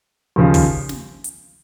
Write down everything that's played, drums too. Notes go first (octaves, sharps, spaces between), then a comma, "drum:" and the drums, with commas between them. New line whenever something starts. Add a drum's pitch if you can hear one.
D#2 C#3 F3
drum: kick, open hi-hat
drum: snare
drum: hi-hat